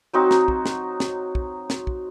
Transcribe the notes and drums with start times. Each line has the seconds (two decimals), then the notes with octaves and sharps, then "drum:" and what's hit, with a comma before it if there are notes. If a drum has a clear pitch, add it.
0.13 F#3 C4 D#4 F#4
0.31 drum: snare
0.48 drum: kick
0.66 drum: snare
1.00 drum: snare
1.35 drum: kick
1.70 drum: snare
1.87 drum: kick